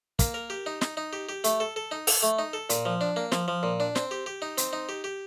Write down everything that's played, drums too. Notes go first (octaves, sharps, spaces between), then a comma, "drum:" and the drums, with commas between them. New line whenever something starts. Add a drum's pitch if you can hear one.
A#3, drum: kick, hi-hat
A#4
G4
D#4
D#4, drum: snare
D#4
G4
G4
A3, drum: hi-hat
A4
A4
D#4
A4, drum: open hi-hat
A3
D#4
A4
A#2, drum: hi-hat
F3
D4
A#3
F3, drum: snare
F3
A#2
D4
C4, drum: snare
G4
G4
D#4
C4, drum: hi-hat
D#4
G4
G4